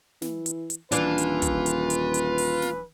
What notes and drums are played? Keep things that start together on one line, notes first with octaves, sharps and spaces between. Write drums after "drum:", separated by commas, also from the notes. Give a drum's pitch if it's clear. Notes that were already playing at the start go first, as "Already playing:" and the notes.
E3, drum: snare
drum: hi-hat
drum: hi-hat
D#1 E3 D4 F4 B4, drum: hi-hat
drum: hi-hat
drum: kick, hi-hat
drum: hi-hat
drum: hi-hat
drum: hi-hat
drum: open hi-hat
drum: snare